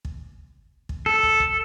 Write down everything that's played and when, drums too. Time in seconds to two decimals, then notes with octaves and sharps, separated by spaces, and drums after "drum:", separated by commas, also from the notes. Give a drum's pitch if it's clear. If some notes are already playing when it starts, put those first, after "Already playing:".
0.05 drum: kick
0.89 drum: kick
1.06 A4
1.23 drum: kick
1.40 drum: kick